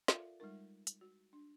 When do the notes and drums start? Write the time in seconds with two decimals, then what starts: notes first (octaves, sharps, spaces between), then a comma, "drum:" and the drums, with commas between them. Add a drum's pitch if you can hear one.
0.08 F4 A4 A#4 D5 E5 F5, drum: snare
0.40 G3 G#3 D#4 A#4
0.87 drum: hi-hat
1.01 F#4
1.33 D4